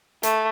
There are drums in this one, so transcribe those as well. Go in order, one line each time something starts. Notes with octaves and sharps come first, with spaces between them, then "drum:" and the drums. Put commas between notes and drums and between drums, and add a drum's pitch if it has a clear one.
A3, drum: hi-hat